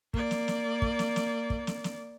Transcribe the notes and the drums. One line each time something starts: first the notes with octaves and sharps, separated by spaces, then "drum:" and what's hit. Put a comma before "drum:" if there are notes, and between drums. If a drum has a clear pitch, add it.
A#3 D5, drum: kick
drum: snare
drum: snare
drum: kick
drum: snare
drum: snare
drum: kick
drum: snare
drum: snare